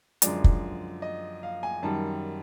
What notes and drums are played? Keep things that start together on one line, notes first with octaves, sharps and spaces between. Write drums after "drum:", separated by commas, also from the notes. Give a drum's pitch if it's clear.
F#2 D3 F3 G#3 D5, drum: hi-hat
drum: kick
D#5
F5
G#5
F#2 D#3 G3 A5